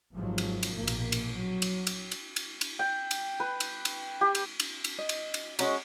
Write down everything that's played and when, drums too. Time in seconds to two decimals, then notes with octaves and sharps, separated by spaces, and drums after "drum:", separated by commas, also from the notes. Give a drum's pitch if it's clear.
0.14 G#1 G#2 C3 F3 F#3
0.38 drum: cymbal
0.63 drum: cymbal
0.76 A#1 B2 A#3
0.87 drum: cymbal
1.12 drum: cymbal
1.31 F#3
1.62 drum: cymbal
1.87 drum: cymbal
2.12 drum: cymbal
2.36 drum: cymbal
2.61 drum: cymbal
2.79 G5
3.11 drum: cymbal
3.40 B4
3.60 drum: cymbal
3.85 drum: cymbal
4.21 G4
4.35 drum: cymbal
4.60 drum: cymbal
4.84 drum: cymbal
4.99 D#5
5.09 drum: cymbal
5.34 drum: cymbal
5.59 G#3 C#4 F#4 D#5 A#5, drum: cymbal